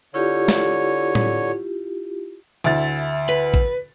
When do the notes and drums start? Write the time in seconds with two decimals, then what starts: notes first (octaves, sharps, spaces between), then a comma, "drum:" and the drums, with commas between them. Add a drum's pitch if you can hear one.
0.14 D3 E4 F4 G4 C#5
0.48 drum: snare
1.15 drum: tom A2
2.64 D2 E4 A6
3.29 B4
3.54 drum: kick